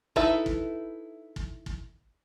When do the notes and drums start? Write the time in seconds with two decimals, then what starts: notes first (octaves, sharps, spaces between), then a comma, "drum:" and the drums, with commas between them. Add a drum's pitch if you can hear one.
0.16 D#4 E4 A4 B4 E5, drum: kick
0.46 drum: kick
1.36 drum: kick
1.66 drum: kick